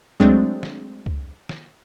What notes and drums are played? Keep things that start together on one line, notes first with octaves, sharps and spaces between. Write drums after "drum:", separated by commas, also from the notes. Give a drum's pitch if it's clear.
F#3 G#3 A3 C4 D4, drum: kick
drum: snare
drum: kick
drum: snare